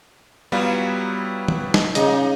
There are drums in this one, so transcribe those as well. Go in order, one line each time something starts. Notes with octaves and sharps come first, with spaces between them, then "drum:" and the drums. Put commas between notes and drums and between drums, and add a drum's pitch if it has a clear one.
F#3 G3 B3 E4 F4
drum: tom
drum: snare
A#2 C#3 D#4 D#5, drum: hi-hat